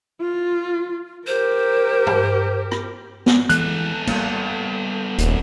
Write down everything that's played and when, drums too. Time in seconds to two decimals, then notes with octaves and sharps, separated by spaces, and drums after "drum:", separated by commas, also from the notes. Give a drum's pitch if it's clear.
0.21 F4
1.27 G4 A#4 C5
2.07 drum: tom G2
2.71 drum: rim click
3.26 drum: snare B3
3.49 E3 G#3 B3 A4 F#6, drum: hi-hat
4.07 G3 A3 A#3, drum: cymbal
5.18 D#1, drum: hi-hat